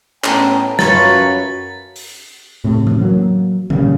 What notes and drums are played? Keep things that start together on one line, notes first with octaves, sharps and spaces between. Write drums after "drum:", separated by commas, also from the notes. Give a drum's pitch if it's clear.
A2 B3 C#4 G5 A5 A#5, drum: clap
F#2 F4 B4 C#5 A6, drum: snare
drum: open hi-hat
A2 C3
drum: tom E3
F#3 A#3
A#2 C#3 G3, drum: tom E3